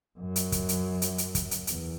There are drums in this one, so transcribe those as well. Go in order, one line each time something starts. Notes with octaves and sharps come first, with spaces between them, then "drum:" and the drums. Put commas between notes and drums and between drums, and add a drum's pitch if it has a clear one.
F#2
drum: hi-hat
drum: kick, hi-hat
drum: hi-hat
drum: hi-hat
drum: hi-hat
drum: kick, hi-hat
drum: hi-hat
E2, drum: hi-hat